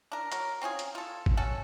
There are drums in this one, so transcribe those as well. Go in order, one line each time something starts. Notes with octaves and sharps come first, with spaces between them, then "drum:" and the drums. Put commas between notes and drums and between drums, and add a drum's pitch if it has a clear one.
D4 A#4
F#3 A#4, drum: hi-hat
C4 C#4 F4 G#4
drum: hi-hat
F4 A4
drum: kick G#1
C#4 F#4 A4